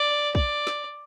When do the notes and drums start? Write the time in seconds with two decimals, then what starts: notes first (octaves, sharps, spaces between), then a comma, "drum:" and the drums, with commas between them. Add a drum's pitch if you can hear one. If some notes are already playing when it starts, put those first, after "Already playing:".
Already playing: D5
0.35 D5, drum: kick
0.67 drum: snare